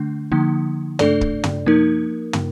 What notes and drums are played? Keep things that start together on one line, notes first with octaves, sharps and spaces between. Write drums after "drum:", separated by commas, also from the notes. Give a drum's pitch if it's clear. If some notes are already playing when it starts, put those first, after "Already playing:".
Already playing: D3 A3 D4
D3 F3 A#3 D#4
A3 D4 A4 D5, drum: tom
drum: kick C#1
drum: tom
F3 A#3 D#4 A#4
drum: tom